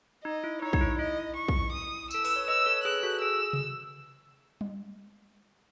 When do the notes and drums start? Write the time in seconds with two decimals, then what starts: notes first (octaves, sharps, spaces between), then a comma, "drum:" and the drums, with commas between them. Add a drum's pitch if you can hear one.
0.25 D#4 D#5
0.44 E4
0.62 D#4 C#5
0.73 D#4, drum: kick
0.81 E4
0.99 E4 D#5
1.36 C#6
1.48 drum: kick
1.73 D#6
2.11 A4 E6, drum: tambourine
2.25 B4, drum: open hi-hat
2.36 C#5
2.48 B4 D#5 E6
2.66 A4 C#5
2.84 G#4 B4 F#6
3.03 F#4 A4
3.22 G#4 E6
3.53 drum: tom C3
4.61 drum: tom G3